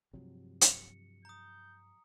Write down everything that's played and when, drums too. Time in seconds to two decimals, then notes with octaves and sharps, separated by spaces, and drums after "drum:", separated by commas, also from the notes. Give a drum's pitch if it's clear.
0.13 G2 C3 F3 F#3 A3
0.61 C#7, drum: hi-hat
1.25 A#5 D#6 G6